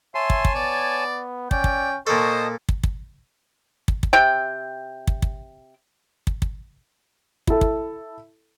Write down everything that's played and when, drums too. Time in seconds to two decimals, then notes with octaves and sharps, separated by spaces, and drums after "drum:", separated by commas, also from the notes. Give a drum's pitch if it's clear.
0.15 C#5 E5 G#5 A5 C6
0.30 drum: kick
0.45 drum: kick
0.55 B3 D5
1.51 C#4 D5 G5, drum: kick
1.64 drum: kick
2.07 A#2 A4 C5 D#5 A5 C#6 D#6
2.69 drum: kick
2.84 drum: kick
3.88 drum: kick
4.03 drum: kick
4.13 C3 G5
5.07 drum: kick
5.22 drum: kick
6.27 drum: kick
6.42 drum: kick
7.47 E4 A4, drum: kick
7.61 drum: kick